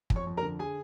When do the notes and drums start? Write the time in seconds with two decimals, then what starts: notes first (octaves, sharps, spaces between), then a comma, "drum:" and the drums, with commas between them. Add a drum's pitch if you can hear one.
0.10 F2, drum: kick
0.16 C#5 C#6
0.27 F2
0.37 A#4 A#5
0.43 D3
0.59 G#4 G#5